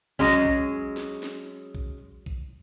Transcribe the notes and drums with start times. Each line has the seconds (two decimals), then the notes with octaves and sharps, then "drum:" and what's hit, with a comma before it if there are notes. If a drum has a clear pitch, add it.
0.19 F#3 G#3 C#4, drum: kick A#1
0.45 drum: kick A#1
0.97 drum: snare
1.23 drum: snare
1.75 drum: kick A#1
2.26 drum: kick A#1